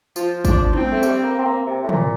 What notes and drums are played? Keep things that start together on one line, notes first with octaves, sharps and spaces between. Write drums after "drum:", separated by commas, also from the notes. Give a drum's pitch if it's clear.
F3 F4, drum: tambourine
D4, drum: kick, tambourine
C4, drum: tom
A3
G3, drum: tambourine
A#3
C4
A#3
C3
A2
A#2, drum: tom